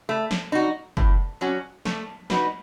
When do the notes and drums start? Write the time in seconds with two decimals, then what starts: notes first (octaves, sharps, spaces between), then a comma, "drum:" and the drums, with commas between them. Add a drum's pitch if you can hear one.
0.09 A3
0.31 drum: snare
0.52 D#4 F#4
0.97 A2, drum: kick
1.41 F#3 C#4 F#4
1.85 A3, drum: snare
2.30 D#4 F#4 B4, drum: snare